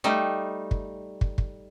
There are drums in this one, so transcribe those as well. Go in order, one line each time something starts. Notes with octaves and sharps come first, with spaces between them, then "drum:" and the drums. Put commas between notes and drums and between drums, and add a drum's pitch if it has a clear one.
G3 A3 D#4
drum: kick
drum: kick
drum: kick